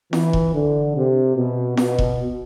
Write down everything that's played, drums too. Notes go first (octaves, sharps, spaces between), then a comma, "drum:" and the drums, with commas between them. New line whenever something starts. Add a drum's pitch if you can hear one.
E3, drum: snare F4
drum: kick E1
D3
C3
B2
B2, drum: snare F4
drum: kick E1